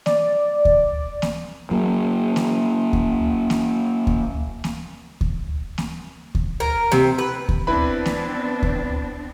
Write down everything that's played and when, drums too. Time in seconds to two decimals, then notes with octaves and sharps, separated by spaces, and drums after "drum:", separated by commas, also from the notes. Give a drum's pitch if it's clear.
0.06 D5, drum: snare A#3
0.65 drum: kick D2
1.22 drum: snare A#3
1.71 F#3 A#3
2.36 drum: snare A#3
2.93 drum: kick D2
3.50 drum: snare A#3
4.07 drum: kick D2
4.64 drum: snare A#3
5.21 drum: kick D2
5.78 drum: snare A#3
6.35 drum: kick D2
6.60 A#4
6.92 C3, drum: snare A#3
7.18 B4
7.49 drum: kick D2
7.67 B3 C4 D4 E4 B4 B5
8.06 drum: snare A#3
8.62 drum: kick D2